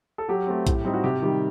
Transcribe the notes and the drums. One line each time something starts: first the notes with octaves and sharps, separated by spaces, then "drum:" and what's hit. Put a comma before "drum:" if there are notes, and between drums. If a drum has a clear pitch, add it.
A4
F#3 G4
A3 C4
A2, drum: kick A#1, hi-hat
G3 C4 D#4
F#4
C3 G4
D#3 G3